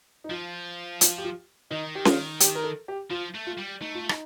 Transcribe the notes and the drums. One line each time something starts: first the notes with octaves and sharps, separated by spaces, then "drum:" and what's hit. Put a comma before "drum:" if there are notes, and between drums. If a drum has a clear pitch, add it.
D#4
F3 F4
F4, drum: hi-hat
G4
F4
D#3 D#4
G4
F4, drum: snare C#4
G4, drum: hi-hat
A#4
A4
G4
F3 F4
A3
F4
G3
A3 D#4
F4
D#4, drum: rim click